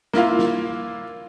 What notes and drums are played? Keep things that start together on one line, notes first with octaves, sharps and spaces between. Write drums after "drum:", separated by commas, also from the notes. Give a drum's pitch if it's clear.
A#3 E4 F4 F5, drum: snare
drum: snare